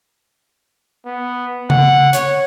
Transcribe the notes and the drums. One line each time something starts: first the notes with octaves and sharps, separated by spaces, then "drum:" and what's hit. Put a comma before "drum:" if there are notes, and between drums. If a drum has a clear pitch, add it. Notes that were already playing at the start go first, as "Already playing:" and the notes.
B3
F#5, drum: tom C#3
C#5, drum: hi-hat